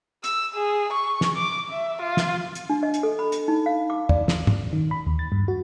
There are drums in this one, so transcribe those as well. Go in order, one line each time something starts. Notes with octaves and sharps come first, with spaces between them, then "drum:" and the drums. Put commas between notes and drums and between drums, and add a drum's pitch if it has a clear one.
E6, drum: hi-hat
G#4
C#6
drum: snare
D6
E5
F4
drum: snare
drum: hi-hat
D4
D#5
drum: hi-hat
A4
B5
drum: hi-hat
D#4
F5
D6
D5, drum: tom
drum: snare
drum: tom
D#3
B5
D#2
A6
G2
F#4